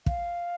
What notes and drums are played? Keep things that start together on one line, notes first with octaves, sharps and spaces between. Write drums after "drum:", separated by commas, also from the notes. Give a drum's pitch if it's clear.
F5, drum: kick